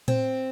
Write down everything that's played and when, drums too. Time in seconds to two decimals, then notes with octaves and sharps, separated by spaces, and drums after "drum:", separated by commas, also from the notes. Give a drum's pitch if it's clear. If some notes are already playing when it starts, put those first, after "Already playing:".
0.08 C4, drum: tom A2